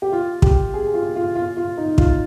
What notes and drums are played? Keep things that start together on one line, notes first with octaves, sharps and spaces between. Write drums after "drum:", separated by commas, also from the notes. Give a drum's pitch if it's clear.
G4
F4
G4, drum: kick
G#4
F4
F4
F4
F4
D#4
F4, drum: kick